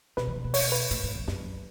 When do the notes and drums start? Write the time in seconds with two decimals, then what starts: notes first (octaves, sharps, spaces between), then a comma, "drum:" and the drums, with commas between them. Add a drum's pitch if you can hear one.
0.17 B2 B4, drum: snare
0.27 D#3
0.36 C#3
0.45 B2
0.54 C#5, drum: open hi-hat
0.72 B4
0.91 A2, drum: hi-hat
1.03 G#2
1.15 E2
1.28 F#2, drum: snare
1.41 F#2